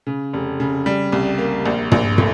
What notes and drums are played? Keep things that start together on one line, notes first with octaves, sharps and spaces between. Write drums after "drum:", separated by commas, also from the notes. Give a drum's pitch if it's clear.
C#3
F1
C#3
G3
C2
A#3
A#1
A#1, drum: tom
A2, drum: tom